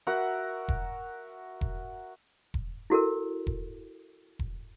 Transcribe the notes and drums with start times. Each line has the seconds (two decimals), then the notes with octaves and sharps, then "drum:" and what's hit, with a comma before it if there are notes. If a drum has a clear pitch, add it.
0.07 F#4 A#4 E5 F#5
0.68 drum: kick E1
1.61 drum: kick E1
2.54 drum: kick E1
2.90 E4 F#4 A4 A#4
3.47 drum: kick E1
4.39 drum: kick E1